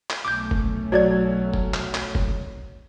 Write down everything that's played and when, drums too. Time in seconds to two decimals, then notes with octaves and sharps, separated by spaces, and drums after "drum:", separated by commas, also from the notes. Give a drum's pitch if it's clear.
0.10 drum: clap
0.25 B1 A3 C#4 D6 G6
0.51 drum: kick F#1
0.92 F#3 C#5 D5 G#6
1.54 drum: kick F#1
1.74 drum: clap
1.94 drum: clap
2.15 drum: kick F#1